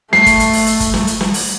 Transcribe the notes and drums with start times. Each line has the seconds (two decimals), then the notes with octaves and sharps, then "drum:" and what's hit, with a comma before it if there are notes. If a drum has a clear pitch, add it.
0.13 A3 C7, drum: snare
0.26 drum: kick G1, hi-hat
0.40 drum: hi-hat
0.53 drum: open hi-hat
0.67 drum: hi-hat
0.80 drum: kick G1, hi-hat
0.94 drum: snare
1.07 drum: hi-hat
1.21 drum: snare
1.34 drum: open hi-hat